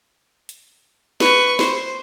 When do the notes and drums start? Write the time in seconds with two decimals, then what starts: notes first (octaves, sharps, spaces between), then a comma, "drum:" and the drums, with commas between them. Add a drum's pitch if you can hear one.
0.49 drum: hi-hat
1.20 B4 C#6, drum: snare
1.59 C5, drum: snare